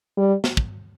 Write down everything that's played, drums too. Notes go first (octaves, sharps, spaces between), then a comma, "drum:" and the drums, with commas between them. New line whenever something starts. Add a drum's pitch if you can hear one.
G3
drum: snare
drum: kick